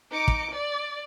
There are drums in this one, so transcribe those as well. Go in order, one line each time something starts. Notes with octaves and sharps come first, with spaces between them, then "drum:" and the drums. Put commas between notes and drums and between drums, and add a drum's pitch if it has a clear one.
D#4 D6 C#7 D7
drum: kick
D5